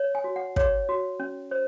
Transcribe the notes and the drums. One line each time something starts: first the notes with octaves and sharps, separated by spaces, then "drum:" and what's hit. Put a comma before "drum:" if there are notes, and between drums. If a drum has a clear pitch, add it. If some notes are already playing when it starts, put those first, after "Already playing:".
Already playing: C#5
G#5
F#4
F#5
C#5, drum: kick
F#4
C#4
C5